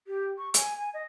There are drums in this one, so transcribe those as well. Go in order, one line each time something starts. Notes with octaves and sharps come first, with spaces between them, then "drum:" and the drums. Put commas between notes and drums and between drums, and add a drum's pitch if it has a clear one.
G4
C#6
G#5, drum: hi-hat
G#5
D#5